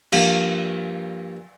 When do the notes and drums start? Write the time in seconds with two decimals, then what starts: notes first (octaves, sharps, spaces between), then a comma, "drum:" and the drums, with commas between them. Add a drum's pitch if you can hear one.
0.12 G2 F3 A#3 F5 B5, drum: cymbal